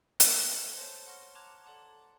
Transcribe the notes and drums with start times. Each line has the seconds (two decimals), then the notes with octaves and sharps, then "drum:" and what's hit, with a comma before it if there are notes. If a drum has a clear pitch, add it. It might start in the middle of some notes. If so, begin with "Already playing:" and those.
0.20 C6 C7, drum: hi-hat
0.48 A4 C5 C#7 F7
0.77 C5 C#5 A5 C6 G6 A6
1.06 F#5 C6 C#6 F6 A#6
1.35 A5 A#5 C6 D6 F#6 G#6
1.64 A4 D5 F#5 A5 C6 D6